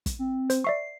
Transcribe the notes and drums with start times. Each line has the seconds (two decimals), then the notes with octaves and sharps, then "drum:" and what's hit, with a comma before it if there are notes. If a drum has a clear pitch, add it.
0.06 drum: kick, hi-hat
0.19 C4
0.50 C5, drum: hi-hat
0.64 D5 E5 C#6 C7